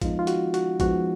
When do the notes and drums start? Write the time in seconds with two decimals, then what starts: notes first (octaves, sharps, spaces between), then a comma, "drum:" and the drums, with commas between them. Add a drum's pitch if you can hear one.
0.02 F3 G#3 B3 D#4 F4, drum: kick A1, hi-hat
0.19 F4
0.27 F#4, drum: hi-hat
0.54 F#4, drum: hi-hat
0.80 F3 G#3 B3 D#4 F#4, drum: kick A1, hi-hat